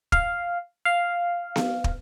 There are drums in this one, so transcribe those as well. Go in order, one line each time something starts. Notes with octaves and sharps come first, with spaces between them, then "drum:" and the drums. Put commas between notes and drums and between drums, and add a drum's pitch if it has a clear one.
F5, drum: kick
F5
drum: snare B3
drum: kick